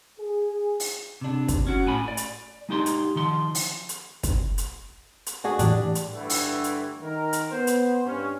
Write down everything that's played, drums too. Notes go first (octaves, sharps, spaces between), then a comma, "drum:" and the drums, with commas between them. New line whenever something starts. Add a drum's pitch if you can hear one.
G#4
drum: open hi-hat
C3 D4
drum: kick, hi-hat
C#4 F#4
A2 G#5 B5
D5
drum: hi-hat
G#3 D#4 G4 C6
drum: hi-hat
D#3 F3 C6
drum: open hi-hat
drum: hi-hat
drum: kick, hi-hat
drum: hi-hat
drum: hi-hat
D4 F#4 G#4
A2 E3 G3 D4, drum: hi-hat
drum: hi-hat
G2 D3 E3 G3 A3
drum: open hi-hat
drum: hi-hat
D#3 A#4
drum: hi-hat
B3 C5
drum: hi-hat
G2 C#4